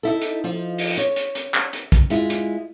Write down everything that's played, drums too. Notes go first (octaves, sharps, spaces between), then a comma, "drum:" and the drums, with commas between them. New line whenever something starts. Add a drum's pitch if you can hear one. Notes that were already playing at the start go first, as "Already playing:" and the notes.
D#4 E4 A4
drum: hi-hat
F3 D#4 F4
drum: open hi-hat
C#5, drum: hi-hat
drum: hi-hat
drum: hi-hat
drum: clap
drum: hi-hat
drum: kick, hi-hat
G#3 E4 F4, drum: hi-hat
drum: hi-hat